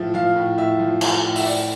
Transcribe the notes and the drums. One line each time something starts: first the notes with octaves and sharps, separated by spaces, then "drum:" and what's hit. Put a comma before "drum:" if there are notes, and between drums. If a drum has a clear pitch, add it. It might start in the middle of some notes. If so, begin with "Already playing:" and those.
Already playing: A2 F3 E5
F3 F5
A2
A2 E5
F3
F3, drum: cymbal
A2
E5, drum: open hi-hat
A2 D5